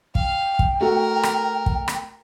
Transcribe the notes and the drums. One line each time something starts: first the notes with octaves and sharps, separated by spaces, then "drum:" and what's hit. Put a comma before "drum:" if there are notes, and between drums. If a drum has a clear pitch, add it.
F5 G5, drum: kick
drum: kick
A3 F#4 A#4
drum: rim click
drum: kick
drum: rim click